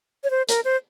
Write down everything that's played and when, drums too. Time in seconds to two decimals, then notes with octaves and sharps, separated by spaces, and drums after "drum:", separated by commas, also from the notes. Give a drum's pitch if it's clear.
0.24 C#5
0.30 C5
0.49 A#4, drum: hi-hat
0.65 C5